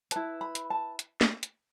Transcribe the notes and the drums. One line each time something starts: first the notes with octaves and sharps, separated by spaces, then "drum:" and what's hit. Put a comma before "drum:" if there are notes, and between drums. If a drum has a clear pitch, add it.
E4 B4 A5, drum: hi-hat
B5
drum: hi-hat
A5
drum: hi-hat
drum: snare
drum: hi-hat